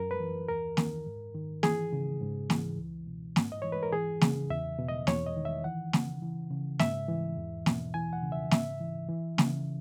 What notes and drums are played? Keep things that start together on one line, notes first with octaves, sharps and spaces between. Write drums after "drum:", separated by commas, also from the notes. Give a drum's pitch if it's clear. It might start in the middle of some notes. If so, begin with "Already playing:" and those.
Already playing: F#2 A#4
B4
E3
D#2 A#4
D#3, drum: snare
G#2
D#3
E3 G#4, drum: snare
C#3
G#2
E3, drum: snare
C#2
B2
G#2, drum: snare
D#5
E3 C#5
B4
A#4
E3 G#4
C#3, drum: snare
E2 E5
B2
D#5
E2 C#5, drum: snare
D#5
D#3
E5
E3 F#5
C#3, drum: snare
E3
C#3
G#2 E5, drum: snare
E3
E2
B2, drum: snare
E3 G#5
F#5
C#3
E5
G#2 E5, drum: snare
E3
E3
C#3, drum: snare